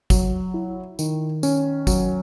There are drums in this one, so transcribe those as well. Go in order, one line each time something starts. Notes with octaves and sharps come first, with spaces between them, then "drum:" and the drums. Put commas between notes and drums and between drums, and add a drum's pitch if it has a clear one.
F#3, drum: kick, tambourine
E4
D#3, drum: tambourine
C#4, drum: tambourine
F#3, drum: kick, tambourine